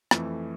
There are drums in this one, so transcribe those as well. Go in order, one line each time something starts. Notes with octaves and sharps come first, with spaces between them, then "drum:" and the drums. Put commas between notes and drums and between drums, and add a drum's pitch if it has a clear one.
F2 E3 A3, drum: rim click